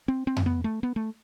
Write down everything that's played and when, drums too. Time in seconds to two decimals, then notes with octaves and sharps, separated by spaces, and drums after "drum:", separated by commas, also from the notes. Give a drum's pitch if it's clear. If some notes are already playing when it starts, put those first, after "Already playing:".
0.08 C4
0.27 C4
0.36 drum: tom F2
0.46 B3
0.64 A3
0.83 B3
0.96 A3